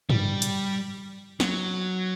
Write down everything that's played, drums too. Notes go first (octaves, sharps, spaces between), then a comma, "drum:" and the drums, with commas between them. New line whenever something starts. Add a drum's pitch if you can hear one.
G3, drum: tom G2
drum: hi-hat
F#3, drum: snare